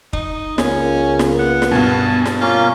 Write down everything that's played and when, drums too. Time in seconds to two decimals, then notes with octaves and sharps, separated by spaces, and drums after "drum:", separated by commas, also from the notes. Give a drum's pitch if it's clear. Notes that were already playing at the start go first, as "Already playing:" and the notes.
0.13 D#4, drum: kick
0.58 C#2 A#3 C#4, drum: snare
1.19 drum: snare
1.39 B3 F#5
1.62 drum: snare
1.71 G2 B2 G#5 A5
2.25 drum: snare
2.41 A#3 C#4 F4